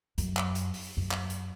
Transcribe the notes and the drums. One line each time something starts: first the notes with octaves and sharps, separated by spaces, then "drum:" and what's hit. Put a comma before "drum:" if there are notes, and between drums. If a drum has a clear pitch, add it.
F#2, drum: hi-hat
drum: clap
drum: hi-hat
drum: open hi-hat
F#2
drum: clap
drum: hi-hat